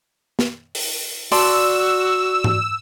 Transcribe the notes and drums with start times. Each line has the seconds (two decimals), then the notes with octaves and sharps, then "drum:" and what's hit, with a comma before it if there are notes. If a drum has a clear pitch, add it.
0.39 drum: snare
0.75 drum: open hi-hat
1.32 F#4 D5 A5 C6 E6, drum: open hi-hat
2.44 drum: tom G#2